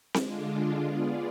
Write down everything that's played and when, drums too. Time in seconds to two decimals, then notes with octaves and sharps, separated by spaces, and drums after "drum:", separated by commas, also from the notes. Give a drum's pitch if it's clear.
0.14 D3 G#3 D4 F4, drum: snare C4
0.84 B3 F4 G#4 D5